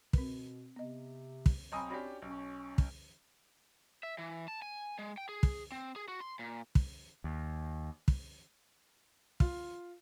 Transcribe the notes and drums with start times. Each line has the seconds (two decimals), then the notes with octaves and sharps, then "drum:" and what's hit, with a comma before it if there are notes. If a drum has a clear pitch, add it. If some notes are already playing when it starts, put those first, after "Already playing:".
0.13 B2 C4 A#4 B4, drum: kick
0.76 C3 B3 D#5
1.46 drum: kick
1.72 B1 C4 D#5 G#5 A#5 B5 D#6
1.90 C#4 D4 F#4 G4 B5 A#6
2.22 B1 C#4
2.78 drum: kick
4.03 E5
4.18 E3
4.48 A5
4.62 G#5
4.99 G#3
5.17 G5
5.29 G#4
5.43 drum: kick
5.72 C4
5.96 G#4
6.08 F#4
6.21 C6
6.39 A#2
6.75 drum: kick
7.24 D#2
8.08 drum: kick
9.40 F4, drum: kick